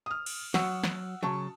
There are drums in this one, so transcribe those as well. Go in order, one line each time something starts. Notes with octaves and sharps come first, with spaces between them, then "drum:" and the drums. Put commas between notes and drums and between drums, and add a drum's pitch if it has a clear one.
D#6 F6
drum: cymbal
F#3 F#5 E6, drum: snare
drum: snare
C#3 F#3 A5 C#6